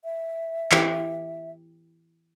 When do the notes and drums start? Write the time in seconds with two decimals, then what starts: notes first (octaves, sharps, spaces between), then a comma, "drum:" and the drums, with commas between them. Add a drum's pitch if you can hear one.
0.04 E5
0.72 E3 G4, drum: clap